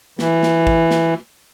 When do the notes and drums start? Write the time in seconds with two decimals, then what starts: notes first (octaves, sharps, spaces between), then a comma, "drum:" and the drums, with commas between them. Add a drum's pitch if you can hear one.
0.19 E3, drum: snare
0.43 drum: snare
0.67 drum: kick
0.91 drum: snare